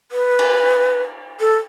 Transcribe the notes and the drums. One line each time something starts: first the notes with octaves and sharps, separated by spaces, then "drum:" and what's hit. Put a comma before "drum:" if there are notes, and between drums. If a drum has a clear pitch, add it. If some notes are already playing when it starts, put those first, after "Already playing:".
B4
drum: cymbal
A4